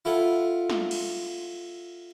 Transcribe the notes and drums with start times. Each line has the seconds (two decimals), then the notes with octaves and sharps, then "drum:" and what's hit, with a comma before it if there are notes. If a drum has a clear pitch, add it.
0.05 E4 F4 A4 F#5
0.70 drum: snare
0.91 drum: cymbal